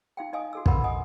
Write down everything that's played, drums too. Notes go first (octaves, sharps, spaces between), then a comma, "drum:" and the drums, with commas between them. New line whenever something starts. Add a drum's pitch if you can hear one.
D#4 F5 G5
D#4 D#5 F5 G#5 D#6
F#4 A4 E6
F#4 A#4 B4 F#5 B5, drum: kick
D#5 F#5 G#5 D#6